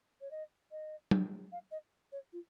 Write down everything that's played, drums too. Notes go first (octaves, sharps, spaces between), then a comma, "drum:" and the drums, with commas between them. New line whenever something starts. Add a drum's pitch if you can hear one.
C#5
D#5
D#5
drum: tom
F5
D#5
C#5
F4